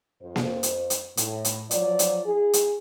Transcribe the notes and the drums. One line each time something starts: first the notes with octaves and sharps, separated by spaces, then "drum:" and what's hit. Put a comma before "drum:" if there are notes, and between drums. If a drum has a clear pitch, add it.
F2 C5
drum: snare A#3
drum: hi-hat
drum: hi-hat
A2, drum: hi-hat
drum: hi-hat
F3 F#3 D5, drum: hi-hat
drum: hi-hat
E4 G#4
drum: hi-hat